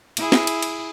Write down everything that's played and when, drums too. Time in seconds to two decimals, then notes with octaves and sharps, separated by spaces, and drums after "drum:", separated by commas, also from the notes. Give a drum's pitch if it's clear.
0.17 E4 G#4, drum: cymbal
0.32 drum: snare
0.47 drum: cymbal
0.62 drum: cymbal